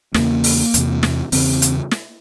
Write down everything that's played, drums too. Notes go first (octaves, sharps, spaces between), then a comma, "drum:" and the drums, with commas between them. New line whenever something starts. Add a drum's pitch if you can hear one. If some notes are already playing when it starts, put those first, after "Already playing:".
E2 C#3 A#3, drum: snare
drum: open hi-hat
E2 C3, drum: hi-hat
drum: snare
E2 C#3 C4, drum: open hi-hat
drum: hi-hat
drum: snare